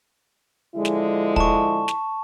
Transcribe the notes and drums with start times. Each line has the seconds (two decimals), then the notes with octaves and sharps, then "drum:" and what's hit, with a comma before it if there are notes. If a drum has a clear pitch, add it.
0.75 D3 F3 G#3 E4
0.85 drum: snare
1.36 A5 C#6, drum: kick
1.88 drum: snare